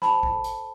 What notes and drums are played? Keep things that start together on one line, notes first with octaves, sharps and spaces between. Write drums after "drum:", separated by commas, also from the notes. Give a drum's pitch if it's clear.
C5 A5 B5, drum: snare
drum: kick A1
A4
drum: hi-hat